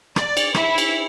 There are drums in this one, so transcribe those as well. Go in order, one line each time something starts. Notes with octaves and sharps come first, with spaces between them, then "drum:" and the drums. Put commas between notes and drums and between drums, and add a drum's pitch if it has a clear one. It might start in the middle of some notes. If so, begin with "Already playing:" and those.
D5, drum: rim click
drum: cymbal
E4, drum: rim click
drum: cymbal